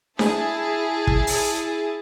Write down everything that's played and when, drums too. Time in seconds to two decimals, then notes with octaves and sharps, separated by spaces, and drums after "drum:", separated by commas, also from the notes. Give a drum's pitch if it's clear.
0.19 E4 G#4 A5, drum: snare D4
1.07 drum: kick
1.27 drum: open hi-hat